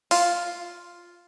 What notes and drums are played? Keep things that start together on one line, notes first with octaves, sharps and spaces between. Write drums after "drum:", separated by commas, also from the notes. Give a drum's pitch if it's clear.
F4, drum: open hi-hat